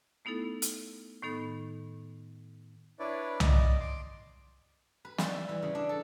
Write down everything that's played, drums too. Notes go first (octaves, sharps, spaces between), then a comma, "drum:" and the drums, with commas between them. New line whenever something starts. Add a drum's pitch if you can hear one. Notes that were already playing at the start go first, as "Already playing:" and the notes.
A3 B3 D#4 E4 A4
drum: hi-hat
A2 D#3 B3 D#4 A4 B5
D4 E4 B4 C#5 D5
D5 D#5, drum: tom C2
C6 D6
B4
G3, drum: snare
E5
E3
C#3
D4
A4